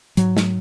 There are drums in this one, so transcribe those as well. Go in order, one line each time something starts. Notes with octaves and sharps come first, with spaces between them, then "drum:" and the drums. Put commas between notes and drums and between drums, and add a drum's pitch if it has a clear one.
G#2 F#3, drum: hi-hat
drum: snare